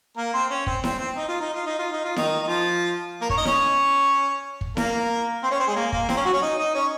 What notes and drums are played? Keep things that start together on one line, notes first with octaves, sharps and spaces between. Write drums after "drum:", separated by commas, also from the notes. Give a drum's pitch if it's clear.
A#3 A#4
C4 C5
C#4
C4, drum: kick
C4, drum: snare E4
C4
D#4
F4
D#4
F4
D#4
F4
D#4
F4
D#3 D#4, drum: snare E4
D#4
F3 F4
A#3 A#4
C#4 C#5, drum: kick
D#4 D#5
C#4 C#5, drum: snare E4
drum: kick
A#3 A#4, drum: snare E4
C4 C5
C#4 C#5
C4 C5
G#3 G#4
A#3
A#3, drum: kick
C4, drum: snare E4
C#4
F#3 F#4
C#4 C#5
D#4 D#5
D#4 D#5
C#4 C#5